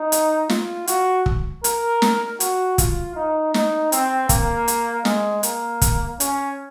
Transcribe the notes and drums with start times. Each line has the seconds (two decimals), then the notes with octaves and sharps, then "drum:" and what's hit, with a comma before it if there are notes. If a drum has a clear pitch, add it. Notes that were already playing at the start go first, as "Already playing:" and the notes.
Already playing: D#4
0.12 drum: hi-hat
0.49 F4, drum: snare
0.87 F#4, drum: hi-hat
1.26 drum: kick
1.64 A#4, drum: hi-hat
2.02 drum: snare
2.40 F#4, drum: hi-hat
2.78 F4, drum: kick, hi-hat
3.16 D#4
3.54 D#4, drum: snare
3.92 C4, drum: hi-hat
4.29 A#3, drum: kick, hi-hat
4.68 drum: hi-hat
5.05 G#3, drum: snare
5.43 A#3, drum: hi-hat
5.82 drum: kick, hi-hat
6.20 C#4, drum: hi-hat